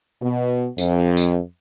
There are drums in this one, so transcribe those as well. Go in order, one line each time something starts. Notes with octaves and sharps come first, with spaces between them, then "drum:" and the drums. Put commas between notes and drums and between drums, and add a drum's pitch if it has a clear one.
B2
F2, drum: tambourine
drum: tambourine